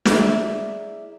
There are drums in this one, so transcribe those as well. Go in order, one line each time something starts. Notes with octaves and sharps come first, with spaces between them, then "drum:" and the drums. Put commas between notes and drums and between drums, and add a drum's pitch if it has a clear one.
E4 G#4 A#4 D5 E5, drum: snare